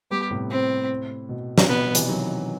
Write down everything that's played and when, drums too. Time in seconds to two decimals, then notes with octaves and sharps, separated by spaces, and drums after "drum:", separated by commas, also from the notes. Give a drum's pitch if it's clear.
0.11 G3 B3 G4
0.31 A2 C3
0.51 C4
1.29 B2
1.58 C3, drum: snare
1.69 B2 B3
1.95 C3 E3, drum: hi-hat
2.08 D#3 F#3